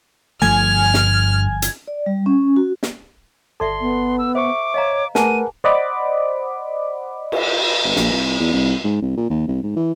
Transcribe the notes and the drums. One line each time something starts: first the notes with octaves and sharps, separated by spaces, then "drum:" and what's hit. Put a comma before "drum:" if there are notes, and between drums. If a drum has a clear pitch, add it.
G1 G2 F3 A3 G#5 F6 G#6
drum: snare
drum: hi-hat
D5
G3
C#4
F#4
drum: snare
G1 A4 D5 E5 A5 C6
B3
E6
C5 E5 C#6 D6
C#5 D#5 F5 A#5
A3 G#4 A#4 B4 F#5 G#5 A5 D#7, drum: snare
C5 D5 D#5 F#5 B5 D6
drum: cymbal
G1
A#1, drum: snare
C2
E2
C2
G#2
C2
A#2
D#2
C2
G#2
E3